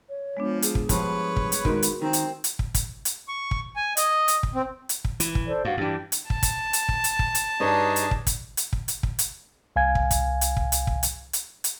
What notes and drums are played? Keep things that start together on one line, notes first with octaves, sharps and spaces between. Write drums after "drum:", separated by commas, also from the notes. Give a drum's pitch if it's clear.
C#5
F3 G#3 B3 D4
G#4, drum: hi-hat
drum: kick
G2 F3 B4 C#5, drum: kick, hi-hat
drum: kick
drum: hi-hat
G#2 D#3 F#4 A#4 C6, drum: kick
drum: hi-hat
D#3 C4
drum: hi-hat
drum: hi-hat
drum: kick
drum: kick, hi-hat
drum: hi-hat
C#6
drum: kick
G#5
D#5, drum: hi-hat
drum: hi-hat
drum: kick
C4
drum: hi-hat
drum: kick
E3, drum: hi-hat
drum: kick
A4 C5 D5
G2 F#4 F5
G2 E3 D4 G4
drum: hi-hat
A5, drum: kick
drum: kick, hi-hat
drum: hi-hat
drum: kick
drum: hi-hat
drum: kick
drum: hi-hat
G2 D4 D#4 G#4 B4 C#5 D#5
drum: hi-hat
drum: kick
drum: kick, hi-hat
drum: hi-hat
drum: kick
drum: hi-hat
drum: kick
drum: hi-hat
C2 F5 G#5 G#6
drum: kick
drum: kick, hi-hat
drum: hi-hat
drum: kick
drum: hi-hat
drum: kick
drum: hi-hat
drum: hi-hat
drum: hi-hat